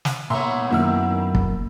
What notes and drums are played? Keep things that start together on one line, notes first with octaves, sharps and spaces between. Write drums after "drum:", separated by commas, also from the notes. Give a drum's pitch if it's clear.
drum: snare
A#2 B3 C#5 E5 A#5 C6
F#2 D#3 A#3 E4 E6
drum: kick